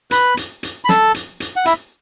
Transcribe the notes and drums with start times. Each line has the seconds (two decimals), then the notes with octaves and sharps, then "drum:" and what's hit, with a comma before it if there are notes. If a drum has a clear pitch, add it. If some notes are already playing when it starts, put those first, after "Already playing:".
0.11 B4 B5, drum: hi-hat
0.37 drum: hi-hat
0.63 drum: hi-hat
0.85 B5
0.89 A4 A5, drum: snare
1.14 drum: hi-hat
1.40 drum: hi-hat
1.56 F#5
1.65 E4 E5, drum: hi-hat